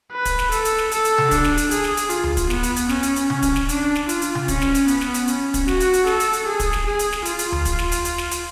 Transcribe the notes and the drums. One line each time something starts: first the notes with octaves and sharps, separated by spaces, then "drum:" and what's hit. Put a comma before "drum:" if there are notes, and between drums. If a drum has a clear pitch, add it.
B4
drum: kick, hi-hat
drum: snare
A4, drum: hi-hat
drum: hi-hat
drum: snare
A4, drum: hi-hat
drum: hi-hat
drum: tom C3
D4, drum: kick, hi-hat
drum: snare
drum: hi-hat
G#4, drum: hi-hat
drum: snare
drum: hi-hat
F4, drum: hi-hat
drum: tom D2
drum: kick, hi-hat
B3, drum: snare
drum: hi-hat
drum: hi-hat
C#4, drum: snare
drum: hi-hat
drum: hi-hat
C#4, drum: tom C3
drum: kick, hi-hat
drum: snare
D4, drum: hi-hat
drum: snare
F4, drum: hi-hat
drum: hi-hat
drum: tom C3
C#4, drum: kick, hi-hat
drum: snare
drum: hi-hat
B3, drum: hi-hat
drum: snare
drum: hi-hat
C#4, drum: hi-hat
drum: kick, hi-hat
F#4, drum: snare
drum: hi-hat
drum: hi-hat
A4, drum: snare
drum: hi-hat
drum: hi-hat
G#4
drum: kick, hi-hat
drum: snare
G#4
drum: hi-hat
drum: snare
F4, drum: hi-hat
drum: hi-hat
drum: tom D2
drum: kick, hi-hat
drum: snare
drum: hi-hat
drum: hi-hat
drum: snare
drum: hi-hat